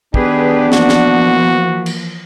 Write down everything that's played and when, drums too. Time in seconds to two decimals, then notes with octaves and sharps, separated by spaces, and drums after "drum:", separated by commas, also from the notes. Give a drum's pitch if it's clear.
0.14 D#3 B3 D4 G4 G#4 B4, drum: kick
0.72 E3 F3 A#3 F#4, drum: snare
0.89 drum: snare
1.86 drum: cymbal